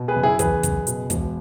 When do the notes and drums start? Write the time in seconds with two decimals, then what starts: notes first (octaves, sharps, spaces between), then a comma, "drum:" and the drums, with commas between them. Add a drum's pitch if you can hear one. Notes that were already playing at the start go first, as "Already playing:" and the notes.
Already playing: B2
0.08 G#4 B4
0.16 F#1
0.23 E4 G#4
0.39 E2 G#4 B4, drum: kick, hi-hat
0.63 F#1, drum: kick, hi-hat
0.87 B2, drum: hi-hat
1.10 E1, drum: kick, hi-hat